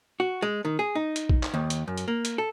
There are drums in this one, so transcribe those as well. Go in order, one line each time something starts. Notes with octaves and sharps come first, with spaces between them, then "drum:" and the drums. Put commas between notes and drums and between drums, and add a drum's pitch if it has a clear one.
F#4
G#3
D#3
G#4
D#4
drum: hi-hat
drum: kick A#1
drum: clap
D#2
drum: hi-hat
F#2
drum: hi-hat
A#3
drum: hi-hat
A4